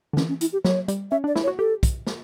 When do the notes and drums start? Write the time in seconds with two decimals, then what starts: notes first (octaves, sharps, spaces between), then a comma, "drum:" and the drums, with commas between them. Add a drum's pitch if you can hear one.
0.13 D3
0.17 E3 C#4, drum: snare
0.28 C#4
0.41 E4, drum: hi-hat
0.53 G4
0.65 F#3 C#5, drum: snare
0.88 G3, drum: hi-hat
1.11 C#4 E5
1.24 D4 D5
1.36 E4, drum: snare
1.44 C#5
1.48 F#4
1.59 G4 A4
1.83 drum: kick, hi-hat
2.07 drum: snare